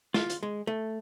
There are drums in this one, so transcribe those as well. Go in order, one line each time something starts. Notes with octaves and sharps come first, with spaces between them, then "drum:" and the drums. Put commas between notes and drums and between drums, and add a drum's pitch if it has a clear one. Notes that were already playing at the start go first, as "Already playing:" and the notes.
F4, drum: snare
drum: hi-hat
G#3
A3